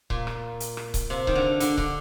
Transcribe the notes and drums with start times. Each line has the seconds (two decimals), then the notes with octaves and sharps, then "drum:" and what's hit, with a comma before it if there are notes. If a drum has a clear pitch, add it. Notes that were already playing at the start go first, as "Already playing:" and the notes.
0.10 A#2, drum: kick C#1
0.27 drum: rim click
0.60 drum: hi-hat
0.77 drum: rim click
0.94 drum: kick C#1, hi-hat
1.10 C3
1.27 D#3, drum: kick C#1
1.35 D3
1.60 D3, drum: hi-hat
1.78 D3, drum: kick C#1